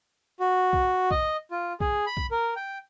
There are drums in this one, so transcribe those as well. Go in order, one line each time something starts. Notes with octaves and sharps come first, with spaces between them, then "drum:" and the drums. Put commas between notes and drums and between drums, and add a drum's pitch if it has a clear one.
F#4
drum: kick B1
D#5, drum: kick B1
F4
G#4, drum: kick B1
B5
drum: kick B1
A#4
G5